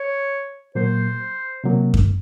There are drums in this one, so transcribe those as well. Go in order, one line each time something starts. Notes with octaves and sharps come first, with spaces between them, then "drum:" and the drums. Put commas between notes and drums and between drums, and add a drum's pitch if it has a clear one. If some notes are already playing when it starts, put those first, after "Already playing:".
Already playing: C#5
A#2 F#3 A#3 C5
C3 F#3 A#3
drum: kick F#2